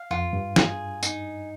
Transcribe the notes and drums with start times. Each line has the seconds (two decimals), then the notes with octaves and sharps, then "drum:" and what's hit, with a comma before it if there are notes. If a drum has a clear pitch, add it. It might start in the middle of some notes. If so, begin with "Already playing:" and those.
Already playing: F5
0.11 F2 F4
0.33 G2
0.56 G#4, drum: snare
1.03 D#4, drum: tambourine